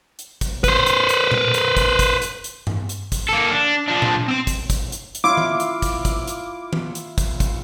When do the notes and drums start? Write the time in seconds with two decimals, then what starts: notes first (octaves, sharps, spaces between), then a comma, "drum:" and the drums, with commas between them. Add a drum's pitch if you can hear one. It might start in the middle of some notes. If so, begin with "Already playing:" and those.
0.19 drum: hi-hat
0.41 drum: kick, hi-hat
0.64 B4 C5, drum: kick, hi-hat
0.86 drum: hi-hat
1.09 drum: hi-hat
1.31 drum: tom A#2
1.54 drum: hi-hat
1.77 drum: kick, hi-hat
1.99 drum: kick, hi-hat
2.22 drum: hi-hat
2.44 drum: hi-hat
2.67 drum: tom G2
2.89 drum: hi-hat
3.12 drum: kick, hi-hat
3.29 A#3 A4
3.52 D4
3.88 F3 D4
4.02 drum: tom A#2
4.28 C4 C6
4.47 drum: kick, hi-hat
4.70 drum: kick, hi-hat
4.92 drum: hi-hat
5.15 drum: hi-hat
5.24 E4 F4 F5 D6
5.37 drum: tom D#3
5.60 drum: hi-hat
5.82 drum: kick, hi-hat
6.05 drum: kick, hi-hat
6.27 drum: hi-hat
6.73 drum: tom D#3
6.95 drum: hi-hat
7.18 drum: kick, hi-hat
7.40 drum: kick, hi-hat